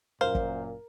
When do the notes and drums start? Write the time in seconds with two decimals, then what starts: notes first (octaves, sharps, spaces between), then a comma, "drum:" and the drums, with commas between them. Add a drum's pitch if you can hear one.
0.21 F#2 A#2 A#4 C5 F5
0.35 drum: kick